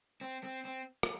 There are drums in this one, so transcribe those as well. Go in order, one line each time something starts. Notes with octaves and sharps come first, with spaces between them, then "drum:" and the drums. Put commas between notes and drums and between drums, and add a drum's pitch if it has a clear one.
C4
C4
C4
drum: rim click